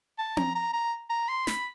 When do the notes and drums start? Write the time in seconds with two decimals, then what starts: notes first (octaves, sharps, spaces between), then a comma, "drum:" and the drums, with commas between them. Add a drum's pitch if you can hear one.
0.19 A5
0.37 A#5, drum: tom C4
0.55 A#5
0.73 A#5
1.10 A#5
1.29 C6
1.47 B5, drum: snare